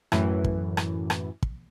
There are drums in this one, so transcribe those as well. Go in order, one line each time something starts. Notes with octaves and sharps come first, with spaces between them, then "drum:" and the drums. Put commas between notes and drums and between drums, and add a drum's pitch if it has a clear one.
F#2 A2 E3, drum: rim click
drum: kick
drum: rim click
drum: rim click
drum: kick